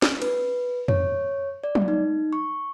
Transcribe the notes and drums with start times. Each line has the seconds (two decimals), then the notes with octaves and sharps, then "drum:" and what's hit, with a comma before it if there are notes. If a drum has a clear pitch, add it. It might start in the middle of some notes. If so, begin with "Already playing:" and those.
0.02 drum: snare
0.22 B4, drum: cymbal
0.88 C#5, drum: tom F2
1.64 D5
1.75 drum: tom F#3
1.88 D#4
2.33 C#6